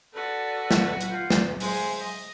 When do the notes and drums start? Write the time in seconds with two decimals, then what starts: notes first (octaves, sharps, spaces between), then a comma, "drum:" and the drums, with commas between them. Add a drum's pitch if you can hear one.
0.13 F#4 A4 B4 D5
0.71 drum: snare
1.01 drum: hi-hat
1.10 F4 F#5 G6
1.30 drum: snare
1.60 G#3 C5 E5 G#5, drum: open hi-hat
1.99 D#5